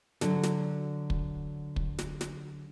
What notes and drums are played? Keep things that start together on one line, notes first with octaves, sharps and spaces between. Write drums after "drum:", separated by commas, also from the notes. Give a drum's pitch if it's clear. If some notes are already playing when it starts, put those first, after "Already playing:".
D3 F#3, drum: snare
drum: snare
drum: kick
drum: kick
drum: snare
drum: snare